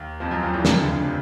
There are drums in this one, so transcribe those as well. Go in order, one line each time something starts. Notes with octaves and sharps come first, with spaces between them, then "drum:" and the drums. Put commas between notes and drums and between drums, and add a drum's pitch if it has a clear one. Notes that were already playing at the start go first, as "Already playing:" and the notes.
Already playing: D#2
F2 F3
F#2 F#3
F2 F3
E2 E3
F2 F3, drum: snare
C#3
D2 D3
D2 D3
C3